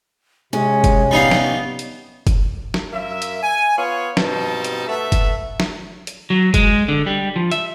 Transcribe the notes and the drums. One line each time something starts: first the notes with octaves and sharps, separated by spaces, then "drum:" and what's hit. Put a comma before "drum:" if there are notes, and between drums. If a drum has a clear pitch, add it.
C3 G#3 C#4
drum: kick F#1, hi-hat
G3 B3 D#4 F5
drum: snare
drum: hi-hat
drum: kick F#1, hi-hat
drum: snare
F#2 A#3 E5
drum: hi-hat
G#5
B3 F4 C#5
G2 B2 C4 D#4 A5, drum: snare
drum: hi-hat
A3 B3 A4 E5
drum: kick F#1, hi-hat
drum: snare
drum: hi-hat
F#3
G#3, drum: kick F#1, hi-hat
D3
G3
F3
E5, drum: hi-hat